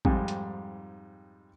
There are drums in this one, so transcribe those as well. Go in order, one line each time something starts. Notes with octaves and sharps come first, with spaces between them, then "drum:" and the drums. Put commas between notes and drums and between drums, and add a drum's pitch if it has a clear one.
F2 G#2 G3 D#4 G#5, drum: kick A1
drum: hi-hat